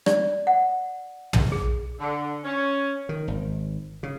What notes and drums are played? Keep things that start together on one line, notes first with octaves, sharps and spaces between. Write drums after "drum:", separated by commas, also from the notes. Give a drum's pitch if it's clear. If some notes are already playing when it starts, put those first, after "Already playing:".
D5, drum: rim click
F#5
drum: tom
G#4
D3
C#4
D#3
G#1
C#3